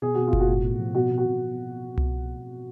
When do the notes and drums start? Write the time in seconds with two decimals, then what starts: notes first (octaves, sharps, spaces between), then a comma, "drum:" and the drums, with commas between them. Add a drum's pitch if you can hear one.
0.02 B2 G#4
0.14 B2 F#4
0.27 F4
0.33 B2, drum: kick F#1
0.40 F#4
0.48 A2
0.64 A2
0.79 F3
0.94 B2 F#4
1.10 B2
1.18 F#4
1.25 B2
1.98 drum: tom C2